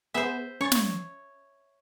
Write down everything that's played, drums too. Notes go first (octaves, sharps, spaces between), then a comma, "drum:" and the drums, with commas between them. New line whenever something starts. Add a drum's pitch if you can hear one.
B3 G#4 C5 E5
C#4 C#5 C#6 A6
drum: snare